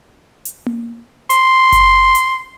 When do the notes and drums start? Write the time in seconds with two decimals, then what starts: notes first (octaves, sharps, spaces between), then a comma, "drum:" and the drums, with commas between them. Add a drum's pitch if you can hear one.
0.45 drum: hi-hat
0.66 drum: tom A#3
1.30 C6, drum: hi-hat
1.72 drum: kick F#1, hi-hat
2.15 drum: hi-hat